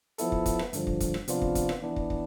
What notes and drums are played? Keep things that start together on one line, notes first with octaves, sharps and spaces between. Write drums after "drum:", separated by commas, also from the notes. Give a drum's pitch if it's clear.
F3 B3 E4 A4, drum: hi-hat
drum: kick
drum: kick, hi-hat
drum: rim click
G2 D3 F3, drum: hi-hat
drum: kick
drum: kick, hi-hat
drum: rim click
C3 F3 B3 D4 F4, drum: hi-hat
drum: kick
drum: kick, hi-hat
drum: rim click
E3 B3 D4
drum: kick
drum: kick